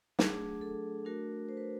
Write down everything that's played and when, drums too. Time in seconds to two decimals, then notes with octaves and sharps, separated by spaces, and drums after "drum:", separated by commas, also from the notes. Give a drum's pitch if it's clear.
0.19 F#3 A3 D4 G#4, drum: snare
0.61 A4
1.05 A3 D4 F#4 A#4
1.49 C5
1.57 B4